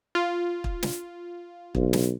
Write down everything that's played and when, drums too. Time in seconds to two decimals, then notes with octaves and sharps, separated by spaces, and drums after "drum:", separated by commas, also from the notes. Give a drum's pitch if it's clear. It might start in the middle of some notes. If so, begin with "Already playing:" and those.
0.15 F4
0.64 drum: kick
0.83 drum: snare
1.75 B1, drum: kick
1.93 drum: snare